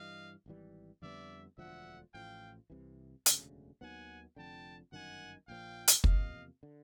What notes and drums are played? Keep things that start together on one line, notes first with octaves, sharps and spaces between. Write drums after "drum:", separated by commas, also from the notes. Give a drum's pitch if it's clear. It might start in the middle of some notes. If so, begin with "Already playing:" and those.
Already playing: G2 E3 G3 D#5 F5
G#1 G2 E3 G3
F2 D3 G3 B3 D5 E5
E1 D2 D3 F3 E5 F#5
A1 A2 F3 F5 G5
C2 C3 E3
E1 D2 C#3, drum: hi-hat
D#2 D#3 F#3 B3 F#5 G#5
F1 F2 D3 G5 A5
G1 F#2 D#3 F#5 G#5
A#1 A#2 F3 F5 G5
drum: hi-hat
E2 C3 F3 A#3 D#5 F5, drum: kick
D3